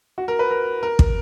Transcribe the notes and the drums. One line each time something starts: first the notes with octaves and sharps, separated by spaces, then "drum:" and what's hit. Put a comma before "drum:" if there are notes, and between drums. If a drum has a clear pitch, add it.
F#4
A#4
B4
A#4
A#4
drum: kick